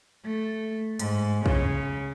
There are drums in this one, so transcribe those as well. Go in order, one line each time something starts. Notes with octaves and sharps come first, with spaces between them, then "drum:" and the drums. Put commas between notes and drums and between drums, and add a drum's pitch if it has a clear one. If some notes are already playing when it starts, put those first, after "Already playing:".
A3
G#2, drum: hi-hat
C#3, drum: kick B1